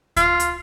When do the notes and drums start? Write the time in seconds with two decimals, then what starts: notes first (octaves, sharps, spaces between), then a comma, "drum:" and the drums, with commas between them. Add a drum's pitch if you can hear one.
0.16 F4, drum: kick D2, hi-hat
0.40 drum: hi-hat